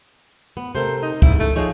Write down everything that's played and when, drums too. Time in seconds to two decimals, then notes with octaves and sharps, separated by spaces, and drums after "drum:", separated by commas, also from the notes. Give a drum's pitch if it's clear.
0.57 B3
0.75 C3 A3 A#4 C5
1.02 D#4
1.22 G#2 C#3 E4, drum: kick
1.39 A3
1.56 F3 D#4 G#4 C#5